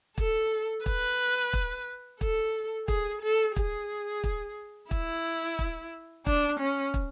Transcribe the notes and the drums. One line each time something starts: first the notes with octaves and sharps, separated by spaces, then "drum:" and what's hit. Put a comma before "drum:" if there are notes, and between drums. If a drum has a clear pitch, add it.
A4, drum: kick
B4, drum: kick
drum: kick
A4, drum: kick
G#4, drum: kick
A4
G#4, drum: kick
drum: kick
E4, drum: kick
drum: kick
D4, drum: kick
C#4
drum: kick